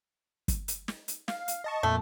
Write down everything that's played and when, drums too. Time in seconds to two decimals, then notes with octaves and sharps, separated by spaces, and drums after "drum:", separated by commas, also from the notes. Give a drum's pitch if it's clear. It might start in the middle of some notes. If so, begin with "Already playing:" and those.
0.48 drum: kick, hi-hat
0.68 drum: hi-hat
0.88 drum: snare
1.08 drum: hi-hat
1.28 F5, drum: snare
1.48 drum: hi-hat
1.64 D#5 A5 C#6
1.83 F2 A#2 A3